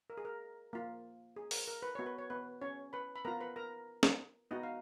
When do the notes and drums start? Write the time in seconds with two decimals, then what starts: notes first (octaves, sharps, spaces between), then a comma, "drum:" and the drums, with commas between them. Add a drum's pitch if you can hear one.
0.10 A#4
0.17 G#4
0.25 A#4
0.73 A#3 F4
1.36 G#4
1.51 A#4, drum: open hi-hat
1.68 A#4
1.82 B4
1.95 B3 F#4 C#5
2.06 B4
2.18 C#5
2.30 B3 B4
2.62 C#4 C#5
2.93 B4 B5
3.16 B5
3.25 B3 F4 A#4 A#5
3.40 B4 B5
3.56 A#4 A#5
4.03 drum: snare
4.51 B3 D#4 F#4 D#5
4.63 F5